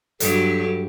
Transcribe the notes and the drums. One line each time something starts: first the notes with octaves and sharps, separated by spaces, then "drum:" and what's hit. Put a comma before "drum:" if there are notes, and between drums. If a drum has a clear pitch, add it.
G2 F#3 G4 A4, drum: hi-hat